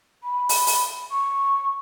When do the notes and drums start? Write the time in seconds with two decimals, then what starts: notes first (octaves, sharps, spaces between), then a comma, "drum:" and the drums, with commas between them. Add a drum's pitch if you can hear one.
0.24 B5
0.49 drum: open hi-hat
0.67 drum: open hi-hat
1.11 C#6